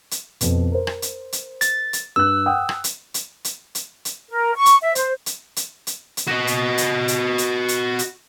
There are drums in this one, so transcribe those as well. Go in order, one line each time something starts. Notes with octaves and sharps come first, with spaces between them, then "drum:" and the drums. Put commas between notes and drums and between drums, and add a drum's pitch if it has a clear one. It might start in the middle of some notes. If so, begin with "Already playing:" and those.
drum: hi-hat
F2 B2, drum: hi-hat
A#4 C5
drum: rim click
drum: hi-hat
drum: hi-hat
A6, drum: hi-hat
drum: hi-hat
G2 E6 F#6
F#5 G5 D#6
drum: rim click
drum: hi-hat
drum: hi-hat
drum: hi-hat
drum: hi-hat
drum: hi-hat
A#4
C#6
drum: hi-hat
E5
C5, drum: hi-hat
drum: hi-hat
drum: hi-hat
drum: hi-hat
drum: hi-hat
F#4 D#5
drum: hi-hat
drum: hi-hat
drum: hi-hat
drum: hi-hat
drum: hi-hat
drum: hi-hat